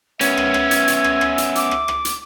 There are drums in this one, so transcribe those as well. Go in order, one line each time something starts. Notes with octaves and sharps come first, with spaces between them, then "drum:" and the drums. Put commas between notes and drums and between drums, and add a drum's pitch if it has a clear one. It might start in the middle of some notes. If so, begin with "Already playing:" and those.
B3 C#4 E5 G#6, drum: hi-hat
drum: rim click
drum: rim click
drum: hi-hat
drum: hi-hat
drum: rim click
drum: rim click
drum: hi-hat
D6, drum: hi-hat
drum: rim click
drum: rim click
drum: hi-hat